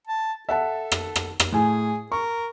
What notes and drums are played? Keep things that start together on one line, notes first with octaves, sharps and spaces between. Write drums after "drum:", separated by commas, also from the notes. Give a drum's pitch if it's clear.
A5
A4 E5 F#5 A5
drum: rim click
drum: rim click
drum: rim click
A2 G#4 G#5
A#4 C#6